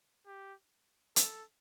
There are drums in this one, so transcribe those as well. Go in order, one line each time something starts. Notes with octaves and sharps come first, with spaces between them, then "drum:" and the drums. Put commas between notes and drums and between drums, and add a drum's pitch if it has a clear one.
G4
A4, drum: hi-hat